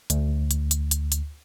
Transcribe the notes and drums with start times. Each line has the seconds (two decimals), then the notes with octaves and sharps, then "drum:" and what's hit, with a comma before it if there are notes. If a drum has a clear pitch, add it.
0.10 D2, drum: hi-hat
0.51 drum: hi-hat
0.71 drum: hi-hat
0.91 drum: hi-hat
1.12 drum: hi-hat